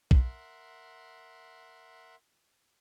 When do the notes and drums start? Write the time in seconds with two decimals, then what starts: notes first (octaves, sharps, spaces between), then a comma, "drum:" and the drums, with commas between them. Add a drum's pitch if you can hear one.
0.11 A#4 E5 F#5 C6, drum: kick